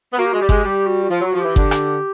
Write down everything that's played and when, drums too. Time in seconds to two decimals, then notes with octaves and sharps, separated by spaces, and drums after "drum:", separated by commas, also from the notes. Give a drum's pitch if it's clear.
0.12 B3
0.18 A#3 F#4
0.26 G4
0.32 G#3 F#4
0.41 G3 G4
0.49 G#3, drum: kick G1
0.64 G3 G4
0.87 F#4
1.04 F#4
1.10 F3 F4
1.21 F#3 F#4
1.33 F3 F#4
1.40 E3 G4
1.56 D3, drum: kick G1
1.71 drum: rim click